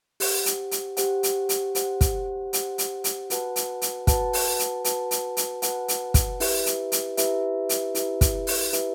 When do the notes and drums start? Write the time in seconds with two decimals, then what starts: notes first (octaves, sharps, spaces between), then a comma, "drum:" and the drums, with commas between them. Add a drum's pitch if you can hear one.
0.20 G4 C5 F#5, drum: open hi-hat
0.46 drum: hi-hat
0.71 drum: hi-hat
0.97 G4 C5 F#5, drum: hi-hat
1.23 drum: hi-hat
1.49 drum: hi-hat
1.75 G4 C5 F#5, drum: hi-hat
2.01 drum: kick, hi-hat
2.53 G4 C5 F#5, drum: hi-hat
2.78 drum: hi-hat
3.04 drum: hi-hat
3.30 F#4 B4 F#5 A5, drum: hi-hat
3.56 drum: hi-hat
3.82 drum: hi-hat
4.07 F#4 B4 F#5 A5, drum: kick, hi-hat
4.33 drum: open hi-hat
4.59 drum: hi-hat
4.85 F#4 B4 F#5 A5, drum: hi-hat
5.11 drum: hi-hat
5.37 drum: hi-hat
5.62 F#4 B4 F#5 A5, drum: hi-hat
5.88 drum: hi-hat
6.14 drum: kick, hi-hat
6.40 E4 G4 B4 E5, drum: open hi-hat
6.66 drum: hi-hat
6.92 drum: hi-hat
7.17 E4 G4 B4 E5, drum: hi-hat
7.69 drum: hi-hat
7.95 E4 G4 B4 E5, drum: hi-hat
8.21 drum: kick, hi-hat
8.47 drum: open hi-hat
8.73 E4 G4 B4 E5, drum: hi-hat